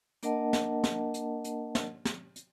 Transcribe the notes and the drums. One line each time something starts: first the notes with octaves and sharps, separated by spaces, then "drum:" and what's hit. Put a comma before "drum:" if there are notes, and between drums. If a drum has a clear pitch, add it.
A#3 D4 A#4 D#5 F#5 A5, drum: hi-hat
drum: snare
drum: snare
drum: hi-hat
drum: hi-hat
drum: snare
drum: snare
drum: hi-hat